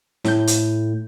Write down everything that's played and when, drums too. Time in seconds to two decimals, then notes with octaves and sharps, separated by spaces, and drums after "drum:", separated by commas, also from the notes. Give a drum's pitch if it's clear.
0.24 A2 G6, drum: snare
0.47 drum: hi-hat